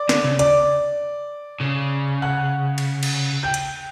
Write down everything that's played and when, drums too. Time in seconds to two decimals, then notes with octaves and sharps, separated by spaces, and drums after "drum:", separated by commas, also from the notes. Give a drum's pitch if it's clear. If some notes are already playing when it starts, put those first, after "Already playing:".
Already playing: D5 D6
0.09 D3, drum: snare
0.24 C#3
0.39 D5 D6, drum: hi-hat
1.61 C#3
2.22 F#5 F#6
2.78 drum: cymbal
3.03 drum: cymbal
3.43 G5 G6
3.54 drum: hi-hat